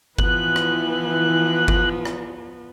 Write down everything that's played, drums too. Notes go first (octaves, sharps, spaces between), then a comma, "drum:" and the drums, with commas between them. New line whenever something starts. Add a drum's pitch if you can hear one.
E3 F3 B3 F#6, drum: kick G1
drum: rim click
drum: kick G1
drum: rim click